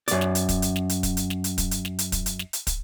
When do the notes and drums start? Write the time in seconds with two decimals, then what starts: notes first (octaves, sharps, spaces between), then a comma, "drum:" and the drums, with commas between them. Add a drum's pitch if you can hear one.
0.08 F#2 D5, drum: hi-hat
0.21 drum: snare
0.35 drum: hi-hat
0.49 drum: kick, hi-hat
0.62 drum: hi-hat
0.76 drum: snare
0.89 drum: hi-hat
1.03 drum: kick, hi-hat
1.17 drum: hi-hat
1.30 drum: snare
1.44 drum: hi-hat
1.58 drum: kick, hi-hat
1.71 drum: hi-hat
1.85 drum: snare
1.99 drum: hi-hat
2.12 drum: kick, hi-hat
2.26 drum: hi-hat
2.39 drum: snare
2.53 drum: hi-hat
2.67 drum: kick, hi-hat